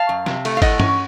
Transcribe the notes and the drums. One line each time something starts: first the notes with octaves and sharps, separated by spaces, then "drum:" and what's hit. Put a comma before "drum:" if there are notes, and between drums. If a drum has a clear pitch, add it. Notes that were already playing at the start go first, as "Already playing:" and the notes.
Already playing: F5 A5
F#2
C3, drum: snare
A3, drum: cymbal
F5
A2 D#5 F#5, drum: kick, cymbal
C#4, drum: tom G2